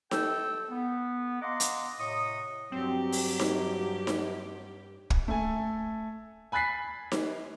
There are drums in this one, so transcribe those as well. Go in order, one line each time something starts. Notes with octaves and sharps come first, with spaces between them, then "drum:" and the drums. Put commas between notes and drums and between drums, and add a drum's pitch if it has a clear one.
A4 G5 E6, drum: snare D#4
B3
D#5 F5 F#5 A#5 C6 D6
drum: hi-hat
A2 C3 D#5 C#6 D#6
G2 F#3 C4 G4
drum: open hi-hat
drum: snare D#4
drum: snare D#4
drum: kick
A3 A4 G#5
G#5 B5 F#6 A6 B6 C7
drum: snare D#4